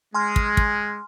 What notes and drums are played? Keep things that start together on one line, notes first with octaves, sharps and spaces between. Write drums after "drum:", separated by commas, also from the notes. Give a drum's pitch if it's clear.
G#3 G#5 C6 F6
drum: kick
drum: kick